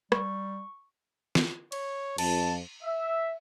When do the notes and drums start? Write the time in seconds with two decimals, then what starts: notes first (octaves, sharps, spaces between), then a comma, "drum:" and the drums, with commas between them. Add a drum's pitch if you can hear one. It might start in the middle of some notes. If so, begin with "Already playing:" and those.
0.12 G3 C#6, drum: rim click
1.35 drum: snare
1.72 C#5, drum: cymbal
2.18 F2 A5, drum: cymbal
2.83 E5